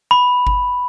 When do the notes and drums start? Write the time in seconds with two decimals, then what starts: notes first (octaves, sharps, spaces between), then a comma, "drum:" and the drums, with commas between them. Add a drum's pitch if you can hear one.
0.11 B5
0.47 drum: kick G1